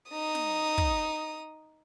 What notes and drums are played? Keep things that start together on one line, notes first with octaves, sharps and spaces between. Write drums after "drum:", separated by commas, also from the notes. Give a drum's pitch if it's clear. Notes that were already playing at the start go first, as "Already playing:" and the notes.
D#4 D#6
drum: snare
drum: kick